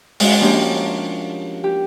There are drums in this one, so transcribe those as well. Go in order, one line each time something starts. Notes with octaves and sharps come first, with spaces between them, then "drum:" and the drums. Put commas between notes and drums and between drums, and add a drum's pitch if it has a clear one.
G#3 C#4 F#4, drum: open hi-hat
F3 A#3 C#4 D4 G4 C#5
G4